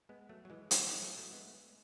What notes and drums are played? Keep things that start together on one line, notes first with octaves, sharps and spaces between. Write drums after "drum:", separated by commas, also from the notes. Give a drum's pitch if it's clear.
G#3 B3
F#3 A3
F#3
E3 G#3
F#3, drum: hi-hat
E3 G#3
F#3 A3
F#3 A3
G#3 B3